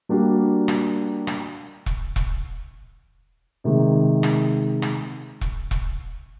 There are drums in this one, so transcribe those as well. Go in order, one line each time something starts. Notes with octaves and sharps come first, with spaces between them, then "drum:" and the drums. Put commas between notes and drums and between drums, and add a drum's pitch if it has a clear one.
G3 A#3 D4 F#4
drum: rim click
drum: rim click
drum: kick E1
drum: kick E1
C3 D#3 G#3
drum: rim click
drum: rim click
drum: kick E1
drum: kick E1